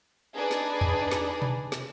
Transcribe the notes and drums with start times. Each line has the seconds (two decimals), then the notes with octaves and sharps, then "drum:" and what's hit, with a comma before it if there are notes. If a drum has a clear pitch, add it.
0.36 D4 D#4 G#4 B4 D5
0.51 drum: snare
0.81 drum: tom E2
1.11 drum: snare
1.42 drum: tom B2
1.72 drum: snare